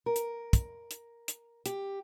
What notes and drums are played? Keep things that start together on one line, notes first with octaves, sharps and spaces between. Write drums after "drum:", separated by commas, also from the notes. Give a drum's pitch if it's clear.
A#4
drum: hi-hat
drum: kick, hi-hat
drum: hi-hat
drum: hi-hat
G4, drum: hi-hat